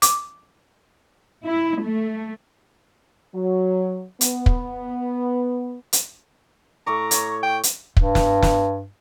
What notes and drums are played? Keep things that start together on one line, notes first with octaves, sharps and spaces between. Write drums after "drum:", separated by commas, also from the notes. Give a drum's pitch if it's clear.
D6, drum: hi-hat
E4
A3
F#3
B3, drum: hi-hat
drum: kick
drum: hi-hat
A2 A#5 C#6 D6
C#5, drum: hi-hat
G5
drum: hi-hat
G2, drum: kick
drum: snare
drum: snare